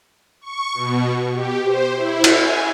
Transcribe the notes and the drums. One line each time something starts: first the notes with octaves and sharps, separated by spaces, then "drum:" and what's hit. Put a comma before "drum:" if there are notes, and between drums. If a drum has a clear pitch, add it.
C#6
B2
G4
C5
E4
drum: cymbal
G#5